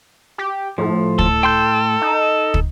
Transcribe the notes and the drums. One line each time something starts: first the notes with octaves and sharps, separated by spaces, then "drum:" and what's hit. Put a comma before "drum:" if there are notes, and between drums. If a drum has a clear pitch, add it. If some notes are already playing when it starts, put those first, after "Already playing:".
G4
A2 F3
A4, drum: kick
G5 C6 G6
D#4
drum: kick